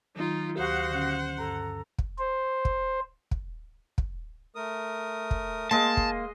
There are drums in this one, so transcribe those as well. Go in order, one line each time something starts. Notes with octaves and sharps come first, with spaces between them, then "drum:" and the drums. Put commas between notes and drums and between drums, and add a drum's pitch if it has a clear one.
D#3 F#3 D#4 F4
D2 F#4 G4 C5 F5 F#5 C#6 D#6
D3 C#4
G2 A4 A#5
drum: kick
C5
drum: kick
drum: kick
drum: kick
A3 A#4 D#6
drum: kick
G#3 A#3 D#5 A5 C6
drum: kick